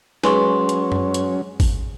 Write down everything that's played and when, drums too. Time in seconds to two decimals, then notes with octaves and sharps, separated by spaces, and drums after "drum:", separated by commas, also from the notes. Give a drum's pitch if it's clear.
0.24 F#3 G#3 C#4 B4 C6 C#6, drum: snare
0.69 drum: hi-hat
0.92 drum: tom F#2
1.14 drum: hi-hat
1.60 drum: kick G#1, open hi-hat